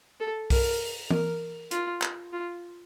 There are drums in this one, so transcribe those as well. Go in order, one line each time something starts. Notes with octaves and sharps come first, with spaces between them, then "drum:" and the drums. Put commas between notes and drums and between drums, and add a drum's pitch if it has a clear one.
A4
A#4, drum: kick B1, open hi-hat
A#4, drum: tom E3
F4, drum: hi-hat
drum: clap
F4